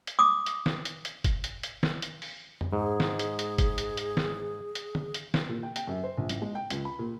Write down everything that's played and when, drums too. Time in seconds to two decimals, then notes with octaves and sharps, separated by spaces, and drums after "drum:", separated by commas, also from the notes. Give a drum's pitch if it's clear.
0.07 drum: hi-hat
0.19 D6 D#6
0.46 drum: hi-hat
0.66 drum: snare
0.85 drum: hi-hat
1.05 drum: hi-hat
1.24 drum: kick F#1, hi-hat
1.44 drum: hi-hat
1.63 drum: hi-hat
1.83 drum: snare
2.02 drum: hi-hat
2.22 drum: open hi-hat
2.61 drum: tom F2
2.73 G#2 G#4
3.00 drum: snare
3.19 drum: hi-hat
3.39 drum: hi-hat
3.58 drum: kick F#1, hi-hat
3.78 drum: hi-hat
3.97 drum: hi-hat
4.17 drum: snare
4.75 drum: hi-hat
4.95 drum: tom
5.14 drum: hi-hat
5.34 drum: snare
5.49 A#2
5.63 G5
5.76 G5, drum: hi-hat
5.87 F#2
6.03 C5
6.18 A#1
6.29 A1, drum: hi-hat
6.41 G#3
6.55 G5
6.70 C#2, drum: hi-hat
6.85 B5
6.99 A#2